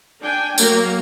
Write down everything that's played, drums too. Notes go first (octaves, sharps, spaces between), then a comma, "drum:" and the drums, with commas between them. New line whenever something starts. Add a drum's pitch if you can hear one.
D4 G5 G#5
F#3 A#3, drum: tambourine